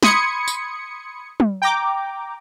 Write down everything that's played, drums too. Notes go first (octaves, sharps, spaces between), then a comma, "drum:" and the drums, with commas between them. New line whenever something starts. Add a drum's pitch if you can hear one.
B5 C6 D#6 G#6 C#7, drum: snare
drum: tambourine
drum: tom
G5 A#5 D6